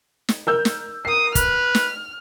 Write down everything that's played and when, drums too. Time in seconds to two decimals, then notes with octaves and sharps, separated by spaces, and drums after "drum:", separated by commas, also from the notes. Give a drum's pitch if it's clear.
0.29 drum: snare
0.47 A#4 E6 G6
0.65 drum: snare
1.05 A#4 D#6 C7
1.35 B4 F6, drum: kick, hi-hat
1.75 drum: snare